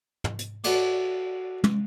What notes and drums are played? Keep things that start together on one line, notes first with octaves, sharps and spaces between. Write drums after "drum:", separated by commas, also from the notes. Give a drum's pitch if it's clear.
drum: tom
drum: hi-hat
F#4 A4 B4 C#5 D5, drum: cymbal
drum: tom